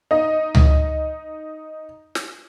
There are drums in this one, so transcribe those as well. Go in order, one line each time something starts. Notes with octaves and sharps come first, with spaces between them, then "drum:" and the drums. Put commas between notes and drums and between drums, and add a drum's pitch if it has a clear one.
D#4 D#5
drum: tom C#2
drum: snare